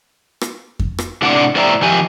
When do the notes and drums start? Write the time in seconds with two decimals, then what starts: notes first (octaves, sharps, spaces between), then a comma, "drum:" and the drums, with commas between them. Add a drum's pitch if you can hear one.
0.41 drum: rim click
0.79 drum: kick F2
0.98 drum: rim click
1.22 A2 C3 D4 D5 F#5
1.56 A2 C5 D5 E5 G5 A#5
1.81 D#3 F3 G4 G#5